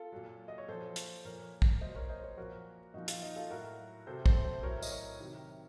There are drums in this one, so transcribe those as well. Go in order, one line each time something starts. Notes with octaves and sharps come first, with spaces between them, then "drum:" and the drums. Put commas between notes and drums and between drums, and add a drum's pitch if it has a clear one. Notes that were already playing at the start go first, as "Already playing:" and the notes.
Already playing: F4 A4
A#2 F#3
D#5
C#5
A#2 F3 A4 C5
drum: hi-hat
A#2 F3 A#4 C#5
drum: kick
A#2 F#3 C5 D#5
A#4 C#5
C5 D#5
A#4 C#5
A#2 F3 F#4 A#4
A#2 F3 D#4 F#4
F4, drum: hi-hat
D#4
F4 A4
A2 F#3 F#4 A#4
C3 F#3 A4 C5
A4 C5, drum: kick
A4 C5
A2 F#3 A#4 C#5
D#5, drum: tambourine
A#4 C#5
C3 D#3 F#3